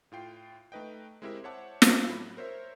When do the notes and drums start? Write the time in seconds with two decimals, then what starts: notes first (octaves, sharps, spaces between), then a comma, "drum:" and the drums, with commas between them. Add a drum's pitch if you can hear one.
0.12 A2 F4 G5 C7
0.72 A3 D#4 B4 D#5 G5
1.22 G#3 C4 E4 G4 A#4 E5
1.44 C5 C#5 E5 F#5 A5 D6
1.82 drum: snare
2.08 A2 F#3 B5
2.37 A#4 C5 C#5 E5